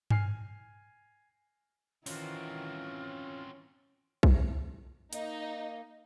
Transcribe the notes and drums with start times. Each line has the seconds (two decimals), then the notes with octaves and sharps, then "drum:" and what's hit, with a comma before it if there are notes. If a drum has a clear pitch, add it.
0.10 G#5 F6 C7, drum: tom G2
2.06 D#3 E3 C4 C#4 F4 F#4, drum: open hi-hat
4.23 drum: kick B1
5.13 A#3 D#4, drum: hi-hat